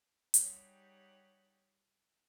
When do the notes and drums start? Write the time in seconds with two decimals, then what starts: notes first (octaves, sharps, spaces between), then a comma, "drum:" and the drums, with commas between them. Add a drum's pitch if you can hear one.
0.34 G3 D#4 G4 G#4 C#5 F#5, drum: hi-hat